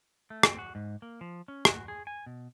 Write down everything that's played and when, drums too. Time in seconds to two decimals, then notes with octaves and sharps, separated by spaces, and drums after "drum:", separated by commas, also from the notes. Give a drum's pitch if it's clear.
0.30 A3
0.43 C4, drum: rim click
0.58 F#4
0.75 G#2
1.02 A#3
1.21 F3
1.48 C#4
1.65 F#4, drum: rim click
1.88 G#4
2.07 G#5
2.26 B2